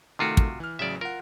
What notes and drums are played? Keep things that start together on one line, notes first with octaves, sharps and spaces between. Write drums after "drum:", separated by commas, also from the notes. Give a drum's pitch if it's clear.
C3 D#3 A3 F4 F#4
drum: kick
E3 F6
A1 C#3 F#3 D5 E5
F4 A#4 F#5